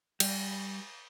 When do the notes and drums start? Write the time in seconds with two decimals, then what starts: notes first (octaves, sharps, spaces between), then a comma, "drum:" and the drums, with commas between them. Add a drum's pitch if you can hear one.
0.20 G3, drum: cymbal